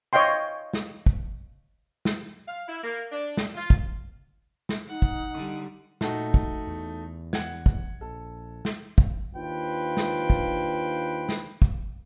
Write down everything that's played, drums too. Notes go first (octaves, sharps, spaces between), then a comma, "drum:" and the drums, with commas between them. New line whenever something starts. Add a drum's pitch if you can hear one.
C#5 D#5 F5 G5 C6
drum: snare
drum: kick
drum: snare
F5
E4
A#3
D4
drum: snare
F4
drum: kick
drum: snare
D#4 F#5
drum: kick
D3 G3
A#2 A3 D#4 F#4, drum: snare
drum: kick
E2
F#5 G#6, drum: snare
drum: kick
A#1 A4
drum: snare
drum: kick
D#2 D4 F4 B4 C5 G5
drum: snare
drum: kick
drum: snare
drum: kick